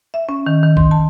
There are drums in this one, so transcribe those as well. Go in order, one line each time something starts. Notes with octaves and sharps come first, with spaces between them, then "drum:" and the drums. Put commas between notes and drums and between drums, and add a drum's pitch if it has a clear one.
E5
C#4
D#3
D#3
C6, drum: kick B1
A5